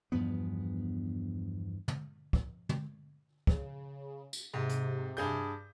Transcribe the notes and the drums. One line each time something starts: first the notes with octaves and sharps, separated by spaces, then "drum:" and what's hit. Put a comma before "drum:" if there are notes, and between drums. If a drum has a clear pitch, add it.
E2 G2 F3 B3
drum: tom
drum: kick
drum: tom
C#3, drum: kick
drum: tambourine
G#2 C3
drum: hi-hat
G2 G#4 G6